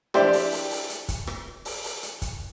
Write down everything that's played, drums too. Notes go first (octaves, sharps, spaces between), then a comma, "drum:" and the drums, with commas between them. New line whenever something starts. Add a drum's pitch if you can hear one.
D4 E4 G4 C5 D5, drum: rim click
drum: open hi-hat
drum: open hi-hat
drum: open hi-hat
drum: hi-hat
drum: kick, hi-hat
drum: rim click
drum: open hi-hat
drum: open hi-hat
drum: hi-hat
drum: kick, hi-hat